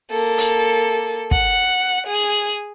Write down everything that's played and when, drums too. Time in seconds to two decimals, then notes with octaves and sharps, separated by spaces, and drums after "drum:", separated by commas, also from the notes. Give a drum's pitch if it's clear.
0.10 A#3 A4
0.38 drum: hi-hat
1.31 F#5, drum: kick
2.07 G#4